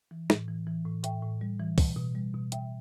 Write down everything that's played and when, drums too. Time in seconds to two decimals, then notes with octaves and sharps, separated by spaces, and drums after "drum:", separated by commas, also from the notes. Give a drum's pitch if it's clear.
0.11 E3
0.30 A2, drum: snare
0.48 E3
0.67 E3
0.85 A2
1.04 A2 E5 G5, drum: hi-hat
1.22 A2
1.41 G3
1.60 E3
1.78 B2, drum: kick, open hi-hat
1.97 B2
2.15 G3
2.34 B2
2.52 B2 E5 G5, drum: hi-hat